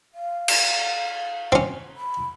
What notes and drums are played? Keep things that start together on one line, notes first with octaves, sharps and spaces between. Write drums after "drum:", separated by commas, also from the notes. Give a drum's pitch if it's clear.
F5
drum: cymbal
C4 C#4
B5